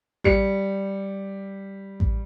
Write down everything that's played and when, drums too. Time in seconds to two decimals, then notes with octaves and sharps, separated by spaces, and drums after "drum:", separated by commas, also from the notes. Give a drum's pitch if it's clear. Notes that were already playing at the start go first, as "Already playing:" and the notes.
0.24 G3 C#7, drum: kick A1
2.00 drum: kick A1